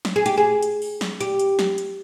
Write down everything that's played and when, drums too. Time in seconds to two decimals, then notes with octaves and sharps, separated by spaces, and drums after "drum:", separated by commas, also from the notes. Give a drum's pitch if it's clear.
0.05 drum: snare
0.16 G#4
0.26 G4, drum: hi-hat
0.37 G#4
0.63 drum: hi-hat
0.82 drum: open hi-hat
1.01 drum: snare
1.21 G4, drum: hi-hat
1.39 drum: hi-hat
1.59 drum: snare
1.78 drum: hi-hat